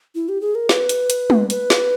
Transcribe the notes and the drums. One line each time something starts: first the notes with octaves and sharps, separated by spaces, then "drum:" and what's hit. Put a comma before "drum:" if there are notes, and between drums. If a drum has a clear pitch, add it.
E4
G4
G#4
A#4
B4, drum: snare
drum: hi-hat
drum: hi-hat
drum: tom
B4, drum: hi-hat
drum: snare